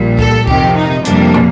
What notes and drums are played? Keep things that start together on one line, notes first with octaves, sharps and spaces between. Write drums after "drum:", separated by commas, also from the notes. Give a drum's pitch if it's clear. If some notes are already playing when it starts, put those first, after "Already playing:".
Already playing: A#1 A#2 G3
A4, drum: kick C#2
F2 C3 D#3 G4, drum: kick C#2
D#4
F2 C3 G3 A#3 D4, drum: hi-hat
drum: tom